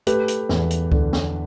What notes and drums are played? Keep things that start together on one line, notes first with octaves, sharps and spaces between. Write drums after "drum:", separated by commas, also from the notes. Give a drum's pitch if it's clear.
A3 G4 B4, drum: hi-hat
drum: hi-hat
E2, drum: snare
drum: hi-hat
D3, drum: kick C#2
drum: snare